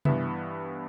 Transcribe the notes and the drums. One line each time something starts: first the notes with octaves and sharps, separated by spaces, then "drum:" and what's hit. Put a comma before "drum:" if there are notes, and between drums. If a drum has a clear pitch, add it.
G2 E3 B3 E5, drum: tom C3